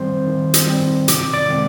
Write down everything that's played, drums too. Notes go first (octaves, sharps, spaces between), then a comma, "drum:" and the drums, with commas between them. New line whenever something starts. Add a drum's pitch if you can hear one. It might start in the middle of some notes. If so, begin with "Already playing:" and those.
Already playing: D#3 G3 C4 C5 C6
D#3
drum: hi-hat
G3 C4
C3 D6, drum: hi-hat
D5 D6
D#3 G#3 C4